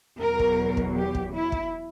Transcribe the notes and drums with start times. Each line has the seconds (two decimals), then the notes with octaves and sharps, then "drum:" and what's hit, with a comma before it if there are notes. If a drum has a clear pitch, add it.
0.20 E2 B2 F#3 A#4
0.39 drum: kick
0.77 drum: kick
0.96 G4
1.15 drum: kick
1.33 E4
1.52 drum: kick